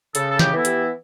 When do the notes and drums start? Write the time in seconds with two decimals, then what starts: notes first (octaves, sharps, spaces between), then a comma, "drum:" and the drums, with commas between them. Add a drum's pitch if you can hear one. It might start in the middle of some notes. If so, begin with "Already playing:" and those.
0.15 C#3 A4, drum: hi-hat
0.31 A4
0.39 G4, drum: snare
0.53 E3 B3 E4 A4
0.65 G4, drum: hi-hat